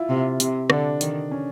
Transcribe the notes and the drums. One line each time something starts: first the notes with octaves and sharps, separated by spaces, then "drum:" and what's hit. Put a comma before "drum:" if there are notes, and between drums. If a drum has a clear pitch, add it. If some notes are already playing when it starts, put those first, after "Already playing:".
Already playing: E4 F4
C3
C3, drum: hi-hat
D3 D4, drum: rim click
D#3, drum: hi-hat
C#4